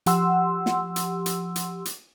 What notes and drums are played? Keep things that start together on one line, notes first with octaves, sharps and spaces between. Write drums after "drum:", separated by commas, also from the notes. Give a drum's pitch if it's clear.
F3 G4 F#5 C6 E6, drum: hi-hat
drum: snare
drum: hi-hat
drum: hi-hat
drum: hi-hat
drum: hi-hat